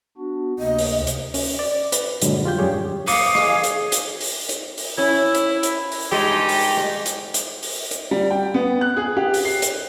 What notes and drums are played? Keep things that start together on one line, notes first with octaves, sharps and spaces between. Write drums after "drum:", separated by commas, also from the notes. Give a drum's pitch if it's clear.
B3 D4 F#4
D2 C3 A#3 D#5
drum: open hi-hat
drum: hi-hat
C#4, drum: open hi-hat
D5
B4, drum: hi-hat
G2 A#2 D3 F#3 G#3, drum: hi-hat
F2 F4 G4 G6
F#2 G3 G4 G#4 C#5
F5 D6 D#6 C#7, drum: open hi-hat
G#4, drum: rim click
drum: hi-hat
drum: hi-hat
drum: open hi-hat
drum: hi-hat
drum: open hi-hat
C#4 E4
drum: hi-hat
drum: hi-hat
drum: open hi-hat
G2 G#3 D#4 G4
drum: open hi-hat
drum: rim click
drum: hi-hat
drum: hi-hat
drum: open hi-hat
drum: hi-hat
G3
G5
B3
F#6
G#4
G4
drum: open hi-hat
C7
drum: hi-hat